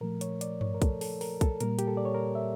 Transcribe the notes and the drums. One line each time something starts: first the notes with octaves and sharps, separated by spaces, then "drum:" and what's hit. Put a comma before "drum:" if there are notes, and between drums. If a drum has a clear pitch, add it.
A#2 F3 A3 A#4
C#5, drum: hi-hat
D5, drum: hi-hat
C#5, drum: tom G2
A#4
A4, drum: kick, hi-hat
A4, drum: open hi-hat
A#4, drum: open hi-hat
A4, drum: kick, hi-hat
A#2 G3 A#3 A#4, drum: hi-hat
G4, drum: hi-hat
A4
D5
C#5
A#4
E5